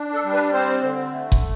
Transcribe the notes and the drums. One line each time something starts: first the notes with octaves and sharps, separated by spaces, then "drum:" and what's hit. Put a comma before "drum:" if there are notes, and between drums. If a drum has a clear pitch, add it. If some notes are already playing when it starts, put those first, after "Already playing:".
Already playing: D4
A4
G3
B4
C4 C5
D3
A3
drum: kick F#1